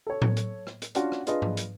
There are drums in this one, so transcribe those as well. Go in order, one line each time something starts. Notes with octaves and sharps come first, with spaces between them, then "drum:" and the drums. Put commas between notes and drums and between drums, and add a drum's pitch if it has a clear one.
A4 C#5
drum: tom A2
drum: hi-hat
drum: rim click
drum: hi-hat
C#4 D4 F4 F#4, drum: hi-hat
drum: rim click
D4 F4 G#4 B4 D#5, drum: hi-hat
drum: tom G#2
drum: hi-hat